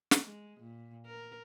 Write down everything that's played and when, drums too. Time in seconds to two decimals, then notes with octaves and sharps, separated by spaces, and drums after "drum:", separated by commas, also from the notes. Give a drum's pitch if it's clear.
0.11 drum: snare
0.24 G#3
0.60 A#2
1.06 A#4